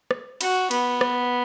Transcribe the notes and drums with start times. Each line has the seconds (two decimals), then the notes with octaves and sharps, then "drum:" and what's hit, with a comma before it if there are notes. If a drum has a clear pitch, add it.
0.11 drum: rim click
0.41 F#4, drum: cymbal
0.71 B3, drum: cymbal
1.01 drum: rim click